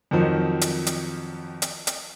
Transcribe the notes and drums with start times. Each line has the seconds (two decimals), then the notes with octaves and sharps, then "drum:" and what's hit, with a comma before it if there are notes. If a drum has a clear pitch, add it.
0.11 F2 D#3 F3 F#3
0.61 drum: hi-hat
0.87 drum: hi-hat
1.62 drum: hi-hat
1.87 drum: hi-hat